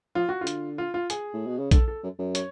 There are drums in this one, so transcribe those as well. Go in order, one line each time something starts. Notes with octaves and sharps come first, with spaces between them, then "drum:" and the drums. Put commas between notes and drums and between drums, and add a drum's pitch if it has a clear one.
F3 F4
F#4
C#3 F4
D3, drum: hi-hat
F4
F4
G#4, drum: hi-hat
A2
B2
C#3
D3 A4, drum: kick A#1, hi-hat
A4
F#2
F#2
C#5, drum: hi-hat